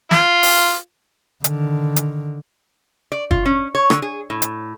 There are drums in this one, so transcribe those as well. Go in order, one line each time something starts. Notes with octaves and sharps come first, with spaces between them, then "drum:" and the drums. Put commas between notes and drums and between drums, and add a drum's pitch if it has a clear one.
F4, drum: snare
drum: open hi-hat
D3 D#3, drum: hi-hat
drum: hi-hat
D5
F4, drum: kick F#1
C#4
C#5
D3, drum: rim click
G#4
A2
drum: hi-hat